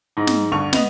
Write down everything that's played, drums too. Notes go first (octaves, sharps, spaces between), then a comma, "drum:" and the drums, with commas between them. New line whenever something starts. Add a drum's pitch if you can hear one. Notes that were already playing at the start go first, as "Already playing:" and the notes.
G#2 D#4
drum: snare
D2 G2 C#6 F7
B3 D#5 F7, drum: snare